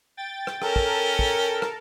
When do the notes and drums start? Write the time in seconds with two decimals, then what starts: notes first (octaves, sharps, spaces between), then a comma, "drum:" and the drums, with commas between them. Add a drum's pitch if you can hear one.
0.17 G5 A6
0.47 drum: rim click
0.62 C#4 A4 A#4 G5 A5, drum: rim click
0.76 drum: kick
1.19 drum: kick
1.62 drum: rim click